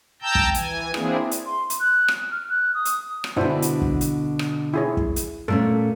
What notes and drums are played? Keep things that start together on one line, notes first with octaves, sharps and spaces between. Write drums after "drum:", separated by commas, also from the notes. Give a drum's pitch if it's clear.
G5 A5 A#5 E6 G6
drum: kick
E3 G#5, drum: hi-hat
A#3 C4 D4 E4 G#4, drum: rim click
drum: hi-hat
C6
drum: hi-hat
F#6
drum: rim click
F6
F#6
D#6
drum: hi-hat
drum: rim click
B2 D3 D4 E4 C5
drum: hi-hat
drum: kick
drum: hi-hat
drum: rim click
E4 G#4 C#5
drum: kick
drum: hi-hat
A#2 A3 C#4 A4